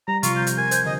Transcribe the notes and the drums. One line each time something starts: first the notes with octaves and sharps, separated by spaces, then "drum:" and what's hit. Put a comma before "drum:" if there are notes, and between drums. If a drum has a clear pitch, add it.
G3 A#5
C3 F3 F4 C#6, drum: hi-hat
G6
drum: hi-hat
A#4 G#5
C5 G6, drum: hi-hat
D3 D#5